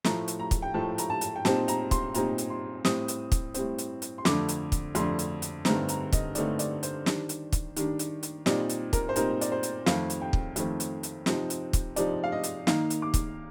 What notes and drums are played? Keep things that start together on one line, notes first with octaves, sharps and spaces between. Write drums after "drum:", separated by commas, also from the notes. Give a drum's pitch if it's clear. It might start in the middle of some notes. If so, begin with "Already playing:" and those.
A2 F3 A3 A#5, drum: snare
drum: hi-hat
A#5
drum: kick, hi-hat
G5
A2 F3 A3 A5
A#5, drum: hi-hat
A5
drum: hi-hat
G5
A#2 G3 C4 D#4 A5, drum: snare
A#5, drum: hi-hat
C6, drum: kick, hi-hat
A#2 G3 C4 D#4 A#5, drum: hi-hat
drum: hi-hat
C6
A2 G3 C4 D#6, drum: snare
drum: hi-hat
drum: kick, hi-hat
A2 G3 C4, drum: hi-hat
drum: hi-hat
drum: hi-hat
C6
F2 D3 A3 D4 D6, drum: snare
drum: hi-hat
drum: kick, hi-hat
F2 D3 A3 D4 C6, drum: hi-hat
drum: hi-hat
drum: hi-hat
G2 D3 A3 C4 D#4 A#5, drum: snare
A#5, drum: hi-hat
D#5, drum: kick, hi-hat
G2 D3 A3 C4 D#4 D5, drum: hi-hat
D5, drum: hi-hat
C5, drum: hi-hat
D#3 G3 D4, drum: snare
drum: hi-hat
drum: kick, hi-hat
D#3 G3 D4, drum: hi-hat
drum: hi-hat
drum: hi-hat
A#2 G3 C4 D#4 D5, drum: snare
drum: hi-hat
A#4, drum: kick, hi-hat
C5
A#2 G3 C4 D#4 A#4, drum: hi-hat
D5, drum: hi-hat
C5
drum: hi-hat
F2 D#3 A3 C4 F5, drum: snare
drum: hi-hat
G5
drum: kick
F2 D#3 A3 C4, drum: hi-hat
drum: hi-hat
drum: hi-hat
C3 F3 C4 D#4, drum: snare
drum: hi-hat
drum: kick, hi-hat
C3 F3 C4 D#4 D5, drum: hi-hat
F5
D#5
drum: hi-hat
D#3 A#3 D#4 F5, drum: snare
drum: hi-hat
D6
drum: kick, hi-hat